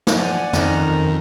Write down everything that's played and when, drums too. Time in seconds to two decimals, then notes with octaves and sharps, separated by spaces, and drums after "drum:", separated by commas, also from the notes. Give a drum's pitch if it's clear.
0.07 drum: snare
0.16 F3 D5 F#5 G#5
0.53 F2 D#3 C#4 A#5, drum: snare